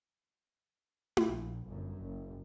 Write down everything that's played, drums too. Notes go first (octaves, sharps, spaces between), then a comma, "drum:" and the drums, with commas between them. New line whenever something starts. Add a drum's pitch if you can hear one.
drum: tom E4
A#1
G1 F#2
F#1